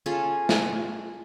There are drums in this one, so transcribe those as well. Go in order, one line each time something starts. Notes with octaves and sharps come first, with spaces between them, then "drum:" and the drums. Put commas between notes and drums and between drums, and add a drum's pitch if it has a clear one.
C#4 F4 G#4 A4
drum: snare